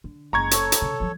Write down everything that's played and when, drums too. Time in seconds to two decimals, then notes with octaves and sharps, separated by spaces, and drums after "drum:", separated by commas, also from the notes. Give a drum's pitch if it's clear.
0.04 D3
0.33 F#1 G#3 A#5 C#6 G#6
0.51 A4 C#5, drum: hi-hat
0.72 drum: hi-hat
0.82 C#3
1.00 F3 G3